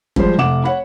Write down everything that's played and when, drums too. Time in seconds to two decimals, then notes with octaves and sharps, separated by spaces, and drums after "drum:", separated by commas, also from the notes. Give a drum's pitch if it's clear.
0.16 F3 G3 G#3 C5, drum: kick
0.38 F1 F#5 D6 E7
0.64 C#5 F#5 B5